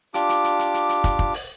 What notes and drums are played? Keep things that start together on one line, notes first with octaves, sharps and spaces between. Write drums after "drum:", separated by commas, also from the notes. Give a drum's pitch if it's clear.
D4 F4 G4 D6, drum: hi-hat
drum: hi-hat
drum: hi-hat
drum: hi-hat
drum: hi-hat
drum: hi-hat
drum: kick, hi-hat
drum: kick
drum: open hi-hat